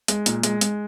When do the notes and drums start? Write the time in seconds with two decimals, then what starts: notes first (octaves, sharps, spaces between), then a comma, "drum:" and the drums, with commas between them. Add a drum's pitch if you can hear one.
0.08 G#3, drum: hi-hat
0.26 A#2, drum: hi-hat
0.43 G#3, drum: hi-hat
0.61 G#3, drum: hi-hat